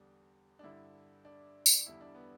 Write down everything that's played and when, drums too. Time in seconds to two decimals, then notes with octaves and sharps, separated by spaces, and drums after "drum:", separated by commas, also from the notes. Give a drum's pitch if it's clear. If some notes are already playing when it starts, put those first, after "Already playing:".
Already playing: E2 D3 G3
0.59 D4
0.63 G2 D3 G3 E4
1.25 D4
1.66 drum: tambourine
1.86 E2 D3 G3 E4
2.01 D4
2.15 B3